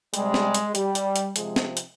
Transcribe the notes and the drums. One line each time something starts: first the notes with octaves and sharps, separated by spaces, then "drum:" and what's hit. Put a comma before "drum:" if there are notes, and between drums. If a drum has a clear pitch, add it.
C3 G3 G#3, drum: hi-hat
drum: snare
drum: hi-hat
G3, drum: hi-hat
drum: hi-hat
drum: hi-hat
C3 F3 G#3, drum: hi-hat
drum: snare
drum: hi-hat